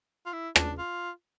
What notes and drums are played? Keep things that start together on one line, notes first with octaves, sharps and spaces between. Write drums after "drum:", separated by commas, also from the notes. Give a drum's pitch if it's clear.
F4
E4
D4, drum: rim click
F4